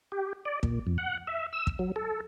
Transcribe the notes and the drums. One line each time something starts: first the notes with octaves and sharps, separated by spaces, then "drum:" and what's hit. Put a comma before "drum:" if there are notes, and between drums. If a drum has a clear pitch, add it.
G4
D5
A#2, drum: kick
F2
F#5
E5
E6
drum: kick
F#3
A4